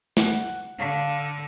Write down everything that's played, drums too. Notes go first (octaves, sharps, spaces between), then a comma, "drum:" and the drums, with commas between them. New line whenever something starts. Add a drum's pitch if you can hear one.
F#5, drum: snare
D3 F5